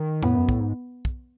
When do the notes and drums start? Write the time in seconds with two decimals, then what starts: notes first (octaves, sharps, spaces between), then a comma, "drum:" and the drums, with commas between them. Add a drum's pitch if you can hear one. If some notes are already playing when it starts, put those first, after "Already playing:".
Already playing: D#3
0.23 A2 B3, drum: tom E2
0.36 F#2
0.49 A2, drum: kick
0.60 G#2
1.05 drum: kick